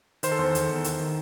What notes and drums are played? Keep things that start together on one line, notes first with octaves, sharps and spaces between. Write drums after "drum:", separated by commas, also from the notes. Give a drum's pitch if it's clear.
D#3 C5, drum: hi-hat
A4
E2 C5
E2, drum: hi-hat
E2
D#3, drum: hi-hat
D#3